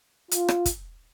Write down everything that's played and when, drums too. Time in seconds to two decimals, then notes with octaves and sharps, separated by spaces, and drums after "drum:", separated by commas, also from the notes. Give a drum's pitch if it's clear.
0.31 F4, drum: hi-hat
0.48 drum: rim click
0.66 drum: kick, hi-hat